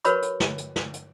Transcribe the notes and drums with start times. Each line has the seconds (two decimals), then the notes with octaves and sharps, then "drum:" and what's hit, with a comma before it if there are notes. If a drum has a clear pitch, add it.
0.05 F#4 A#4 B4 C#5 B5 C#6, drum: hi-hat
0.22 drum: hi-hat
0.40 drum: snare
0.58 drum: hi-hat
0.76 drum: snare
0.94 drum: hi-hat